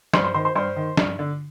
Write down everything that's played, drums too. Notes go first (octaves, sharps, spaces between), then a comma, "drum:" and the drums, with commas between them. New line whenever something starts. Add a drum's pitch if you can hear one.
G2 C5 C6, drum: snare
C5 C6
D#3 C5 C6
C5 C6
G2 C5 C6
D#3
G2, drum: snare
D3